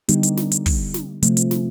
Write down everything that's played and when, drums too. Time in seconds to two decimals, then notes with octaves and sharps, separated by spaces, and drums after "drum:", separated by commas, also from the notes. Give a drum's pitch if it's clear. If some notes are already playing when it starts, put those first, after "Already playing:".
0.09 D3 G3 B3 D#4 G4, drum: hi-hat
0.23 drum: hi-hat
0.37 drum: snare
0.52 drum: hi-hat
0.66 drum: kick, open hi-hat
0.94 drum: snare
1.23 C3 F3 A3, drum: hi-hat
1.37 drum: hi-hat
1.51 drum: snare